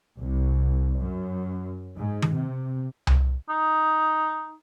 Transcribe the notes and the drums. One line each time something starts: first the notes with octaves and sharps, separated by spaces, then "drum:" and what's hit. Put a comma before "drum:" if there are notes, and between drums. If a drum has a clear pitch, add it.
C2
F#2
G#2
drum: tom D#3
C3
drum: tom C2
D#4